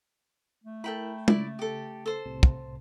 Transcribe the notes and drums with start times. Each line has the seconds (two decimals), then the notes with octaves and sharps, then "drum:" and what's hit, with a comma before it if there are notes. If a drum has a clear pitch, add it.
0.64 A3
0.84 E4 A4 A#4 G5 B5
1.28 C#3 E4 D5 A6, drum: tom
1.59 G4 A4
2.06 A4 C5
2.26 C2 A2 C3
2.43 drum: kick